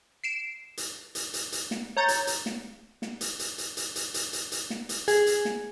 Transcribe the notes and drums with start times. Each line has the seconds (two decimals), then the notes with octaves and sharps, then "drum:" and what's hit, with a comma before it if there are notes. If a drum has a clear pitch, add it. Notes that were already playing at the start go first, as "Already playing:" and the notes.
0.24 C7 D7 E7
0.77 drum: hi-hat
1.15 drum: hi-hat
1.34 drum: hi-hat
1.52 drum: hi-hat
1.71 drum: snare
1.97 C#5 A#5 G6 A6
2.08 drum: hi-hat
2.27 drum: hi-hat
2.46 drum: snare
3.02 drum: snare
3.21 drum: hi-hat
3.39 drum: hi-hat
3.58 drum: hi-hat
3.77 drum: hi-hat
3.96 drum: hi-hat
4.14 drum: hi-hat
4.33 drum: hi-hat
4.52 drum: hi-hat
4.70 drum: snare
4.89 drum: hi-hat
5.08 G#4, drum: hi-hat
5.26 drum: hi-hat
5.45 drum: snare